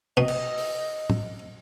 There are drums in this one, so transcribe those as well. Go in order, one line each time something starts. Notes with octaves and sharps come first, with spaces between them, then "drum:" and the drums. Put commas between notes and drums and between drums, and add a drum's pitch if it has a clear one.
B2 D#5
drum: cymbal
drum: open hi-hat
drum: tom